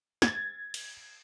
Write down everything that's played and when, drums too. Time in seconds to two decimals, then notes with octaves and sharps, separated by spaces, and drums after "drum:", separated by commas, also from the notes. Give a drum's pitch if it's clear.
0.22 G#6 A6, drum: snare
0.74 drum: cymbal